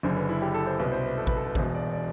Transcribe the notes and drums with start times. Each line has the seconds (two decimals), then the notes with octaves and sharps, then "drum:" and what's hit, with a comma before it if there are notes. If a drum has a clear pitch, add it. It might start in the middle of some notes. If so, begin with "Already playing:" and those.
0.03 F#1 F#2 D3 C5
0.16 B4
0.29 E4
0.42 G4
0.54 A4
0.67 C5
0.79 C2 B2 B4
0.92 C5
1.04 B4
1.18 A4
1.27 B4, drum: kick A1
1.36 A4
1.46 B4
1.55 E1 E2 B2 C5, drum: kick A1
1.75 D5
1.93 D5